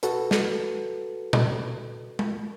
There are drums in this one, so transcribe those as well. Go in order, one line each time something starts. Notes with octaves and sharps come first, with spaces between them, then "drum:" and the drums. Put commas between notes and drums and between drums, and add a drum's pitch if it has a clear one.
F#4 A4 B4, drum: hi-hat
drum: snare
drum: tom A#2
drum: tom G#3